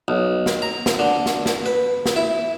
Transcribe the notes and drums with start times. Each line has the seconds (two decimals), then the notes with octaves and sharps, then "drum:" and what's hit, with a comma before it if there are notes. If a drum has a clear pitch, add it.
0.08 B1
0.46 drum: snare
0.62 A#5
0.86 drum: snare
0.99 D3
1.26 drum: snare
1.46 drum: snare
1.66 B4
2.06 drum: snare
2.16 E4